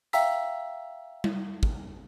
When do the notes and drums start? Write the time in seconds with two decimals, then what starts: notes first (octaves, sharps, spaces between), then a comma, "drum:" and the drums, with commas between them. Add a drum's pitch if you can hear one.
0.13 E5 F5 G5 A#5 E6 B6, drum: hi-hat
1.24 drum: tom G3
1.63 drum: kick